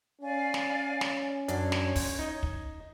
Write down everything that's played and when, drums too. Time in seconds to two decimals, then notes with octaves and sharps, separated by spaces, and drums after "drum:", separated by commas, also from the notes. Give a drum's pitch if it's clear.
0.21 C#4 D5 F5 G#5
0.54 drum: snare
1.01 drum: snare
1.48 F#2 D4 C#5, drum: hi-hat
1.72 drum: snare
1.96 drum: kick, open hi-hat
2.19 D#4 D#5
2.43 drum: kick